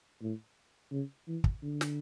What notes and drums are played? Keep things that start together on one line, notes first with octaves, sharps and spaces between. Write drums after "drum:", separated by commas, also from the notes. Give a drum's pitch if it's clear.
A2
C#3
E3
drum: kick
D3
drum: snare